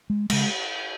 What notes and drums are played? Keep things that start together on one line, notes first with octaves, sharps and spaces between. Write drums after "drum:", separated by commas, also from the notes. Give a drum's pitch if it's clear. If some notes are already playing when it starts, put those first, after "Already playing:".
G#3
C#3 G#3, drum: cymbal